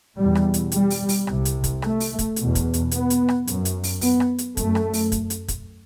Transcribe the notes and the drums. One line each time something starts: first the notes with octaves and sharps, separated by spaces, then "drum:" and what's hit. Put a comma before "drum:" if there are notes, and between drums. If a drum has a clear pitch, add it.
E2 B2 G3
drum: rim click
drum: hi-hat
G3, drum: hi-hat
drum: open hi-hat
drum: open hi-hat
C2 C3, drum: rim click
drum: hi-hat
drum: kick, hi-hat
A3, drum: rim click
drum: open hi-hat
drum: kick, hi-hat
B2, drum: hi-hat
E2
drum: kick, hi-hat
drum: hi-hat
B3, drum: hi-hat
drum: hi-hat
drum: rim click
F#2, drum: hi-hat
drum: hi-hat
drum: open hi-hat
B3, drum: open hi-hat
drum: rim click
drum: hi-hat
F#2 A3, drum: kick, hi-hat
drum: rim click
drum: open hi-hat
drum: kick, hi-hat
drum: hi-hat
drum: kick, hi-hat